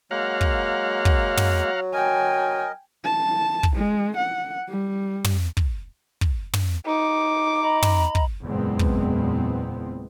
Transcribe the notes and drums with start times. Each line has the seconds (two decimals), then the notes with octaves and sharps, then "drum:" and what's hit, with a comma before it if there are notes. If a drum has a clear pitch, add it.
0.11 F#3 G#3 A#3 F5 F#5 A#5
0.41 drum: kick
1.05 drum: kick
1.37 drum: tom
1.93 A#4 D#5 G5 G#5
3.05 A5
3.63 drum: kick
3.76 G#3
4.17 F#5
4.69 G3
5.24 drum: tom
5.57 drum: kick
6.21 drum: kick
6.54 drum: tom
6.86 D#4 D6
7.60 D#5 A#5 B5
7.83 drum: tom
8.15 drum: kick
8.44 F#1 E2 A#2 G#3 B3 C4
8.79 drum: kick